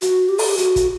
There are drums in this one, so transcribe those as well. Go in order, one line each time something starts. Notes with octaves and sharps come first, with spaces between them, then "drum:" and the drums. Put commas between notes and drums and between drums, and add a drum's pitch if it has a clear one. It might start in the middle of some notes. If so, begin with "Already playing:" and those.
F#4, drum: hi-hat
G4
A4, drum: open hi-hat
G4
F#4, drum: hi-hat
drum: kick, hi-hat